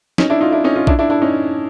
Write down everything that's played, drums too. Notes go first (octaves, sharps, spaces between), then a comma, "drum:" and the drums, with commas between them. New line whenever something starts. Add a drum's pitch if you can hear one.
C#4 D#4, drum: snare
D4 E4
D#4 F4
D4 E4
C#4 D#4
D#4 F4
D4 E4, drum: kick A#1
D4 E4
D4 E4
C#4 D#4